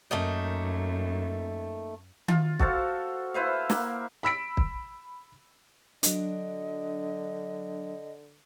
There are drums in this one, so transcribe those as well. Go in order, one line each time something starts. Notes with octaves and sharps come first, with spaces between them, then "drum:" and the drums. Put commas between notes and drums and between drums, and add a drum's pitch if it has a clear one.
F#2 A3 A#3 D#4
F4, drum: tom D#3
F#4 A4 C5 F5, drum: kick
E4 B4 C5 F5
A#3, drum: snare
B5 E6 B6 D7
drum: kick
D3 F#3 D4 D#5, drum: hi-hat